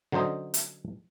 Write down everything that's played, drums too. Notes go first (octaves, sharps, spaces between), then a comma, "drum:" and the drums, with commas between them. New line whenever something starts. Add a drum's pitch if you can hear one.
D3 F#3 C#4 C5 D#5
drum: hi-hat